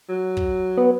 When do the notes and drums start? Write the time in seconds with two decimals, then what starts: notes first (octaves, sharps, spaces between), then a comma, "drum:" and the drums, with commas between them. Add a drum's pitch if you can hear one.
0.09 F#3
0.37 drum: kick
0.77 B3